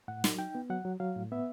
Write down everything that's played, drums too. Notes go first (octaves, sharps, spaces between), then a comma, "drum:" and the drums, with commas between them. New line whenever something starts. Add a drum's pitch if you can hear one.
A2 F#5
F#3, drum: snare
D#4 G5
B3
F#3 F#5
F#3
F#3 F5
A2
B3 E5